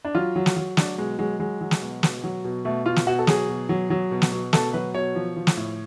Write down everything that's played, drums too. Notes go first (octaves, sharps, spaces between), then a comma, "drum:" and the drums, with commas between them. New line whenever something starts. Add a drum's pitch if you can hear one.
D4
F#3 F4
F#3
drum: snare
F#3
F#3 D4, drum: snare
B2 G#3
F#3 G#3
F#3 G#3
F#3
drum: snare
B2
B2, drum: snare
F#3
B2
B2 A3
B2 F4
drum: snare
B2 F#4
A4
F#3 G#4, drum: snare
B2
F#3
F#3
B2
drum: snare
B2
B2 A4, drum: snare
F#3 B4
B2 C#5
F3
F3
drum: snare
A2